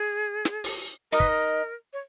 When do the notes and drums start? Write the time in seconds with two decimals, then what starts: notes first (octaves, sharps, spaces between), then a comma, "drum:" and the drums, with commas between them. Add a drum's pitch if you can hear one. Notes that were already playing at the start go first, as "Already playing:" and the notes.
Already playing: G#4
0.45 drum: snare
0.64 drum: open hi-hat
1.12 D#4 A#4 D#5
1.20 B4, drum: kick
1.28 A#4
1.93 C#5